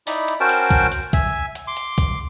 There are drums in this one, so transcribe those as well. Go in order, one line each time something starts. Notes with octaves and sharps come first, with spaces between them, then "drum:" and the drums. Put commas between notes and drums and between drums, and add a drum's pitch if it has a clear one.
D#4 E4 D5 B5, drum: open hi-hat
drum: hi-hat
C#4 F#4 A#4 C5 G5 A5
drum: hi-hat
drum: kick C2, hi-hat
drum: hi-hat
E5 G#5, drum: kick C2, hi-hat
drum: hi-hat
C6 D6
drum: hi-hat
drum: kick C2, hi-hat